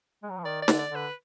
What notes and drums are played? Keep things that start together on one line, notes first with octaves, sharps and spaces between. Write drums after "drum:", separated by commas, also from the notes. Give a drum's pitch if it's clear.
G#3
F#3
F3
D#3 D5
D5
D3, drum: snare
D5
D3
B4